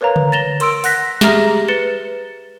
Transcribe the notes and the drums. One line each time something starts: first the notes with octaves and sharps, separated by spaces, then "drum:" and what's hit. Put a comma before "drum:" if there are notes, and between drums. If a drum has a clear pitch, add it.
A#4 B4 C#5 F5 A#5
drum: tom C#3
A6 A#6 E7 F7 G7
A#4 C6 E6 D7, drum: cymbal
F#5 F#6 A#6 B6, drum: open hi-hat
G4 G#4 E5 A#5 F6 A#6, drum: snare
B4 A6 C#7 E7 G7